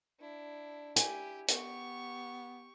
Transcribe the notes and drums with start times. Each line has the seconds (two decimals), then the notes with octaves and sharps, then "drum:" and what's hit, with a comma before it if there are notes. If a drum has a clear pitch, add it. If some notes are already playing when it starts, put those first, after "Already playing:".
0.19 D4 E4
0.96 E4 G4 G#5, drum: hi-hat
1.48 B3 G4 C#6, drum: hi-hat